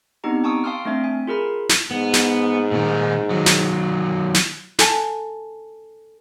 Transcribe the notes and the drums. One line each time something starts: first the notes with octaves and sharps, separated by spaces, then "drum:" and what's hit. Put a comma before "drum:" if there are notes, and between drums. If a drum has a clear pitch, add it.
B3 C4 D4 D#4 G4 A#5
G5 A5 C#6 D#6 E6
F5 G5 A5 C6 D#6 F6
A3 C4 D4 E5 G5
G#5
F4 G#4 A#4 B5
drum: snare
G#2 B3
drum: snare
A#2 D#3
D#3 F#3
drum: snare
drum: snare
A4 G#5 A5, drum: snare